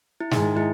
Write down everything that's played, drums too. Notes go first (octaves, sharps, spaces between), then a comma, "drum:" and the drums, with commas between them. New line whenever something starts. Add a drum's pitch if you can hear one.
E4
G#2 D#3 G#3 D#4, drum: snare
E4